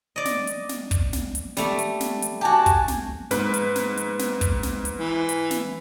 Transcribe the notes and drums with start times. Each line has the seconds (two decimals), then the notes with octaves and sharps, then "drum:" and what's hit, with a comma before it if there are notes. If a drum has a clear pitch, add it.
0.16 D5 D#5
0.25 drum: snare
0.47 drum: hi-hat
0.69 drum: snare
0.91 drum: kick, hi-hat
1.13 drum: snare
1.35 drum: hi-hat
1.57 G3 A3, drum: snare
1.79 drum: hi-hat
2.00 drum: snare
2.22 drum: hi-hat
2.41 F#4 G4 G#5 A5
2.66 drum: kick, hi-hat
2.88 drum: snare
3.31 G#2 B4, drum: snare
3.54 drum: hi-hat
3.76 drum: snare
3.97 drum: hi-hat
4.19 drum: snare
4.41 drum: kick, hi-hat
4.63 drum: snare
4.85 drum: hi-hat
4.99 E3
5.29 drum: hi-hat
5.51 drum: snare